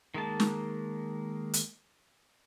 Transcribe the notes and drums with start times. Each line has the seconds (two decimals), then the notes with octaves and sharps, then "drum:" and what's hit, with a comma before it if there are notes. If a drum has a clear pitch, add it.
0.14 D#3 G#3 A#3 A5
0.40 drum: snare
1.54 drum: hi-hat